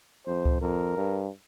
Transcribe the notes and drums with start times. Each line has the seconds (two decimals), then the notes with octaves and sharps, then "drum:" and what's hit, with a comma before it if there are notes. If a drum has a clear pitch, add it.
0.26 F2 C5
0.45 drum: kick C#2
0.61 F2 A#4
0.97 G2